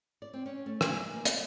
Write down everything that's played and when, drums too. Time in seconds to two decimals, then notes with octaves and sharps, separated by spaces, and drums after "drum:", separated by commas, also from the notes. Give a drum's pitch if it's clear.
0.22 D5
0.33 C4
0.46 C#4
0.66 A3
0.81 G#5, drum: rim click
1.00 D#5
1.14 A#3
1.25 D5, drum: hi-hat